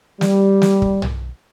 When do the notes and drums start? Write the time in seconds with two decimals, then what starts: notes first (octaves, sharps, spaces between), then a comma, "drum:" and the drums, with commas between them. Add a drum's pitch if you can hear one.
0.21 G3, drum: snare
0.62 drum: snare
0.82 drum: kick
1.02 drum: tom B1